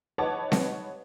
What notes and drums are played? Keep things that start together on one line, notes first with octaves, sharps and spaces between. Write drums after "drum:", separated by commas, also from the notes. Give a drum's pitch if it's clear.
D#4 B4 C#5 F#5 A5 D6
drum: snare C4